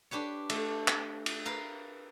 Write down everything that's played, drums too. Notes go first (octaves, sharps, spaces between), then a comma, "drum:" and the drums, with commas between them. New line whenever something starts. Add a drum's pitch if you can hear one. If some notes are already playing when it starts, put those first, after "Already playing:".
D4 G4 B4 C#5
A3, drum: cymbal
drum: clap
drum: cymbal
A#4 B4 F5